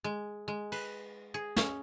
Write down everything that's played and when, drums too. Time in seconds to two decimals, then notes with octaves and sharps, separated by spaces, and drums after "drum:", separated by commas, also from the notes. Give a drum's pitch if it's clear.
0.04 G#3
0.48 G#3
0.72 B4, drum: cymbal
1.34 G#4
1.56 C#4, drum: snare